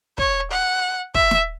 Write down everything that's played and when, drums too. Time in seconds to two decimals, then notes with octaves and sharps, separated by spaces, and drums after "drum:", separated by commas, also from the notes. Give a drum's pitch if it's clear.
0.18 C#5, drum: kick
0.51 F#5
1.14 E5, drum: kick
1.31 drum: snare